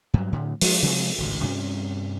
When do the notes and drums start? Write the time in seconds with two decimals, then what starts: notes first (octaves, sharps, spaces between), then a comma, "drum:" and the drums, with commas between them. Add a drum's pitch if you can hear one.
0.14 G2 F#3
0.33 A2 D3
0.61 F3 G#3, drum: open hi-hat
0.82 C3 F3 G#3 C4
1.18 G#1 C#2 A2
1.43 G2 C3 C#4